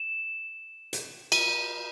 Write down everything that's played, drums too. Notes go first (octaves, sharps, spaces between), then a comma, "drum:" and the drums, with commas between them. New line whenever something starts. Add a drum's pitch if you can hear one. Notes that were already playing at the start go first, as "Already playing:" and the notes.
Already playing: E7
drum: hi-hat
D#7, drum: cymbal